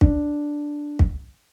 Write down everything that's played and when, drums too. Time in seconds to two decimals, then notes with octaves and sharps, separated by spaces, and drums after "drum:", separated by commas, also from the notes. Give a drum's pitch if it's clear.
0.01 D4, drum: kick
0.99 drum: kick